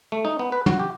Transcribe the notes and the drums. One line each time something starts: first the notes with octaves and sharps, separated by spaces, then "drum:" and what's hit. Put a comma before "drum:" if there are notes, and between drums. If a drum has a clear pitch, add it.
A3
D#4
B3
B4
F#4, drum: tom
G4